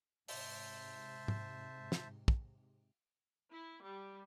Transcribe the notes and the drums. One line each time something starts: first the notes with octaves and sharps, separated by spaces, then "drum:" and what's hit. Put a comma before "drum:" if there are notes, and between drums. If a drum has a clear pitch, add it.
G#2 C3 C5 E5 A5, drum: open hi-hat
drum: tom
drum: snare
drum: kick
E4
G3